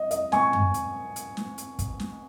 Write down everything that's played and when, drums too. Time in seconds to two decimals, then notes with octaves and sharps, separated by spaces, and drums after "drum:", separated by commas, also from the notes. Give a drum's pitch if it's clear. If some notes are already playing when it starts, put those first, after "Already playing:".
Already playing: D#5
0.11 D#5, drum: hi-hat
0.32 G#5 C#6, drum: snare
0.53 drum: tom F#2
0.74 drum: hi-hat
1.16 drum: hi-hat
1.37 drum: snare
1.58 drum: hi-hat
1.79 drum: kick, hi-hat
2.00 drum: snare